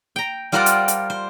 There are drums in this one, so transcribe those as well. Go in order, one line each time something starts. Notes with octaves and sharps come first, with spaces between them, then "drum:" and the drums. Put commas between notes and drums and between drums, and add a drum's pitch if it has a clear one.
G5 A#5
G3 F4 A#4 C5 D5 F#5
drum: hi-hat
drum: hi-hat
C5